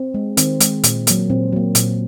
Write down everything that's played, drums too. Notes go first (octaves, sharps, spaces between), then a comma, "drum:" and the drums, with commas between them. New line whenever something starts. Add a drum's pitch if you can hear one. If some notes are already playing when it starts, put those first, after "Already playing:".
Already playing: C4
G#3
D#3 C4, drum: hi-hat
G#3, drum: hi-hat
A#2, drum: hi-hat
F#3 A#3, drum: hi-hat
A#2 C4
F#3 A#3
A#2, drum: hi-hat